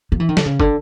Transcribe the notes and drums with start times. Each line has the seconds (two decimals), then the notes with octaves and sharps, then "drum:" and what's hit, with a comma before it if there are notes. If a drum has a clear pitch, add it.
0.12 F3
0.20 E3
0.29 D#3
0.37 D3, drum: snare
0.46 C#3
0.60 D3, drum: kick